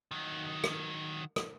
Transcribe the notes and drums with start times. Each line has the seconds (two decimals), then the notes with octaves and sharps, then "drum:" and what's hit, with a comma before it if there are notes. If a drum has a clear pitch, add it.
0.11 D#3 F#3
0.64 drum: rim click
1.36 drum: rim click